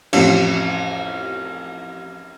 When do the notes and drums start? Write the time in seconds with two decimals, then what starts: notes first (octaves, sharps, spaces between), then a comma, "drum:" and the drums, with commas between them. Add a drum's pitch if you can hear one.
0.13 A1 F2, drum: cymbal